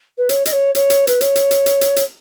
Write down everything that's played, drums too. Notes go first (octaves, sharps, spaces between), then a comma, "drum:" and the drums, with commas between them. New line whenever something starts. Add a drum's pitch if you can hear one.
B4
C#5, drum: hi-hat
D#5, drum: hi-hat
C#5
C#5, drum: hi-hat
drum: hi-hat
B4, drum: hi-hat
C#5, drum: hi-hat
drum: hi-hat
drum: hi-hat
drum: hi-hat
drum: hi-hat
drum: hi-hat